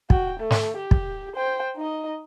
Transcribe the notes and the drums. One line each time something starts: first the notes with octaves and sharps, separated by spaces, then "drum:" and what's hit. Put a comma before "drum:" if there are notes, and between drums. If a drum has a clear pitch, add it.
F#4 G5, drum: kick
A3
drum: snare
G4
drum: kick
C5 G5
D#4 D#5